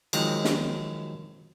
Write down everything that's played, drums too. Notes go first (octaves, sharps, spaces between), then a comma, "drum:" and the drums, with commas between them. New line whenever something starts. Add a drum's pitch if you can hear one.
D#3 F3 F#3 G#3 C4, drum: cymbal
drum: snare